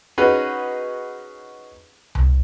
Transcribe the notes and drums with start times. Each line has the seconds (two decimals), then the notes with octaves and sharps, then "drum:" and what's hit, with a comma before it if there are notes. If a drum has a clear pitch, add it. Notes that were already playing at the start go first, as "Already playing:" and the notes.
0.18 C#4 D#4 F#4 G#4 B4
2.15 drum: tom C2